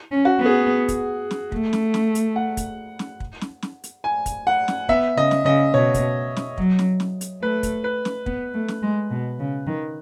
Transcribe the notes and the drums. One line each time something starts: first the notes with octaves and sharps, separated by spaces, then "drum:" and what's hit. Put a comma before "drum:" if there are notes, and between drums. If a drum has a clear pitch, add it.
C#4
F#4
B3
G#4
drum: kick, hi-hat
drum: snare
A3, drum: kick
drum: snare
drum: snare
drum: hi-hat
F#5
drum: kick, hi-hat
drum: snare
drum: kick
drum: snare
drum: snare
drum: hi-hat
G#5
drum: kick, hi-hat
F#5
drum: snare
B3 E5, drum: kick
C#3 D#5
drum: snare
C#3 D#5
B2 C#5
drum: kick, hi-hat
drum: snare
F#3, drum: kick
drum: snare
drum: snare
drum: hi-hat
A3 B4
drum: kick, hi-hat
B4
drum: snare
B3, drum: kick
A3
drum: snare
G#3
B2
C#3
D#3